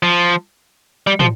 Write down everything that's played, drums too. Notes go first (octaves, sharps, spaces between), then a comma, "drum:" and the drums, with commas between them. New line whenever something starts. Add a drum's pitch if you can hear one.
F3
G3
F3, drum: tom